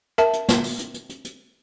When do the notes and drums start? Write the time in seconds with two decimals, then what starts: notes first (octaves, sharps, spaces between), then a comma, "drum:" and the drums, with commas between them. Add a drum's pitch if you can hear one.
0.18 A#4 E5 A5, drum: hi-hat
0.33 drum: hi-hat
0.49 drum: snare
0.64 drum: open hi-hat
0.79 drum: hi-hat
0.94 drum: hi-hat
1.09 drum: hi-hat
1.25 drum: hi-hat